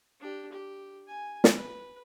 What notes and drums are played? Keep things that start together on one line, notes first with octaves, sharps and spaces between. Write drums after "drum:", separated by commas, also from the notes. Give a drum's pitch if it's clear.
D4 G4
G4
G#5
drum: snare
B4